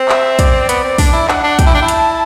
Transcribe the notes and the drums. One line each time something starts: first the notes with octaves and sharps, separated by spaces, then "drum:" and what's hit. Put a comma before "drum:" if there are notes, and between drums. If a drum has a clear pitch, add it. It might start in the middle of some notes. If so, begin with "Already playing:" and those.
Already playing: C4
E5, drum: clap
D5, drum: kick, hi-hat
B3, drum: hi-hat
C4
D4, drum: kick, open hi-hat
E4
D4 F#5, drum: clap
D4
G5, drum: kick, hi-hat
E4
D4
E4
A5, drum: hi-hat